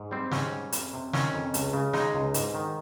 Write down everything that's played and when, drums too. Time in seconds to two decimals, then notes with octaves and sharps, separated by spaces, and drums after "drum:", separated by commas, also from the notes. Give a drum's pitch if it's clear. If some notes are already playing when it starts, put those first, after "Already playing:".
Already playing: G#2
0.11 G3 C4
0.31 G#2 C#4, drum: snare
0.52 G3
0.72 F2, drum: hi-hat
0.93 C3
1.13 D#3 C#4, drum: snare
1.33 F2
1.54 C#2, drum: hi-hat
1.73 C#3
1.93 G#3 D#4, drum: snare
2.14 C#2
2.34 G#2, drum: hi-hat
2.55 D#3